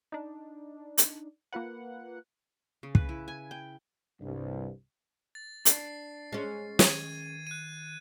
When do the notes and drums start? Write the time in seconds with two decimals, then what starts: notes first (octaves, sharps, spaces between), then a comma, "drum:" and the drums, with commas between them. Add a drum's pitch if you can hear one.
0.12 D4 D#4
0.98 drum: hi-hat
1.53 A#3 F4 B4 F#5
2.83 C#3
2.95 B4, drum: kick
3.09 E4
3.28 G#5
3.51 G5
4.21 C2 G2
5.35 A6
5.65 D4 C7, drum: hi-hat
6.32 G#3 C#4
6.79 D#3 B4 G#6 D#7, drum: snare
7.47 F#6 D#7